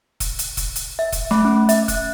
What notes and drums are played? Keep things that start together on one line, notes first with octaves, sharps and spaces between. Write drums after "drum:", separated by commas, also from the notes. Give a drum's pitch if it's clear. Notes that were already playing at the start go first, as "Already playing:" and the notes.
drum: kick E1, hi-hat
drum: hi-hat
drum: kick E1, hi-hat
drum: hi-hat
E5
drum: kick E1, hi-hat
A3, drum: snare
C#4
E5, drum: hi-hat
F#6, drum: kick E1, hi-hat